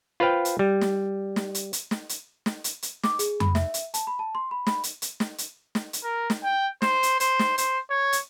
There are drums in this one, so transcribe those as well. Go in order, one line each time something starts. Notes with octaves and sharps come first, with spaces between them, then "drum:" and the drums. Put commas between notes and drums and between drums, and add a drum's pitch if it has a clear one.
F4 B4 C5 F5 G5
drum: hi-hat
G3
drum: snare
drum: snare
drum: hi-hat
drum: hi-hat
drum: snare
drum: hi-hat
drum: snare
drum: hi-hat
drum: hi-hat
D6, drum: snare
G#4, drum: hi-hat
B5, drum: tom F2
E5, drum: snare
drum: hi-hat
A5, drum: hi-hat
B5
A5
C6
B5
B5, drum: snare
drum: hi-hat
drum: hi-hat
drum: snare
drum: hi-hat
drum: snare
drum: hi-hat
A#4
drum: snare
G5
C5, drum: snare
drum: hi-hat
C5, drum: hi-hat
drum: snare
C5, drum: hi-hat
C#5
drum: hi-hat